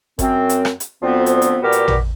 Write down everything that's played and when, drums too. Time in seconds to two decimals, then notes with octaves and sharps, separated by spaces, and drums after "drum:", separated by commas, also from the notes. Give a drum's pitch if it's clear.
0.19 F#2 C4, drum: kick G1, hi-hat
0.49 drum: hi-hat
0.65 drum: rim click
0.80 drum: hi-hat
1.02 D2 F3 B3 C4
1.26 drum: hi-hat
1.42 drum: hi-hat
1.62 A#2 G3 B3 F#4 G4 A#4
1.72 drum: hi-hat
1.88 drum: tom